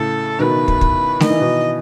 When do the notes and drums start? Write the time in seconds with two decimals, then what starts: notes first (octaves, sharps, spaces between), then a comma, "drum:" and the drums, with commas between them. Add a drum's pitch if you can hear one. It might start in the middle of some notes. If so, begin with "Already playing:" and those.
Already playing: A2 C#3 A4
0.39 B2 D#3 B4
0.68 drum: kick
0.81 drum: kick
1.20 D#3 D#5, drum: snare A3
1.30 E3
1.40 B2 D#3